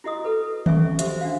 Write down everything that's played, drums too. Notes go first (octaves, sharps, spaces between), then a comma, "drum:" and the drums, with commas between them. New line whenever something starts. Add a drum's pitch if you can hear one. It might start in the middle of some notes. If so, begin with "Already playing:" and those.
E4 F#4 D#5 D#6
A4 B4
C#4 E5 G#5 C#6, drum: tom D#3
F#4 G4 C5 E5, drum: hi-hat
D4 F#4 F5